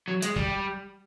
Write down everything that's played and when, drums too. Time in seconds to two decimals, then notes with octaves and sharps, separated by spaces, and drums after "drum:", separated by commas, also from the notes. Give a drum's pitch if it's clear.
0.08 F#3
0.22 G#3, drum: hi-hat
0.36 G3, drum: kick